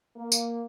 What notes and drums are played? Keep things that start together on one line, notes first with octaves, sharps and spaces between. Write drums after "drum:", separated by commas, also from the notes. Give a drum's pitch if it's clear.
A#3
drum: tambourine